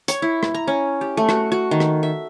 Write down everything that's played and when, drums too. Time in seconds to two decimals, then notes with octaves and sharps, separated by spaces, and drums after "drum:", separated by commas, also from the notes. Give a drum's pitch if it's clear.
0.08 C#5, drum: hi-hat
0.22 E4
0.43 drum: rim click
0.54 A#5
0.67 C#4
1.01 G4
1.17 A3
1.29 F#4, drum: rim click
1.52 F#4
1.71 D#3
1.80 drum: rim click
2.03 E5